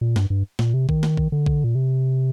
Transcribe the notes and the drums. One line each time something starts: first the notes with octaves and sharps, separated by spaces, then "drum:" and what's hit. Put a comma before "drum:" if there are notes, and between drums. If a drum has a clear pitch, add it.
A#2
G2, drum: snare
G2
A#2, drum: snare
C3
D#3, drum: kick A#1
drum: snare
drum: kick A#1
D3
drum: kick A#1
A#2
C3